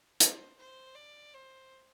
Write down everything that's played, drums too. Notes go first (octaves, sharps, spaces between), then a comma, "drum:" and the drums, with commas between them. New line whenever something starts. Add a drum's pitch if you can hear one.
C5, drum: hi-hat
C5
D5
C5